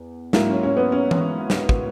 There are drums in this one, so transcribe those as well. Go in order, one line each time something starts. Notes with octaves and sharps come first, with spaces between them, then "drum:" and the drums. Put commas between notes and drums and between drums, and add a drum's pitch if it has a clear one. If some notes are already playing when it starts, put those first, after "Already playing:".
Already playing: E2
G#2 F#3 A#3 E4, drum: snare
C#4
C#4
B3
C#4
drum: tom E3
drum: snare
drum: kick